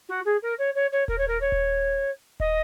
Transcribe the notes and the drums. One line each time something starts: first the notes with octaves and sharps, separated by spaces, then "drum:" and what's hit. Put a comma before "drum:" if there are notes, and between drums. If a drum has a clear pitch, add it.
F#4
G#4
A#4
C#5
C#5
C#5
A#4, drum: kick D#1
C#5
A#4
C#5
drum: kick D#1
D#5, drum: kick D#1